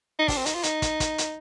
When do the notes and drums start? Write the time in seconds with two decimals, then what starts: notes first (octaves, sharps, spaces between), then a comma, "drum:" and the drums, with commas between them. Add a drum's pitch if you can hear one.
0.19 D#4
0.28 D4, drum: kick, open hi-hat
0.37 C4
0.46 D#4, drum: hi-hat
0.54 F4
0.63 D#4, drum: hi-hat
0.82 drum: kick, hi-hat
1.00 drum: kick, hi-hat
1.18 drum: hi-hat